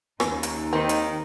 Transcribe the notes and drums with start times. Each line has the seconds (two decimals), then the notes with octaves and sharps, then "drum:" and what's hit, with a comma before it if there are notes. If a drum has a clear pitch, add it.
0.20 D#2 C#4 D#4, drum: rim click
0.43 drum: hi-hat
0.73 D#3 C4
0.89 drum: hi-hat